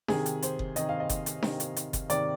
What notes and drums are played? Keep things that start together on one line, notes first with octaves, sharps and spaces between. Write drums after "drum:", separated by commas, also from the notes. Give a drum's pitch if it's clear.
C3 D#3 G#4, drum: snare D4
drum: hi-hat
C5, drum: hi-hat
drum: kick F#1
C3 D#3 D#5, drum: hi-hat
F5
D#5
drum: kick F#1, hi-hat
drum: hi-hat
C3 D#3, drum: snare D4
drum: hi-hat
drum: hi-hat
drum: kick F#1, hi-hat
C3 D#3 D5, drum: hi-hat